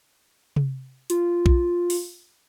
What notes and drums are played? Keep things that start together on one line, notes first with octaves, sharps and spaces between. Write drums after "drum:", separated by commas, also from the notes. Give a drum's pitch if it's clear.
drum: tom C3
F4, drum: hi-hat
drum: kick B1
drum: open hi-hat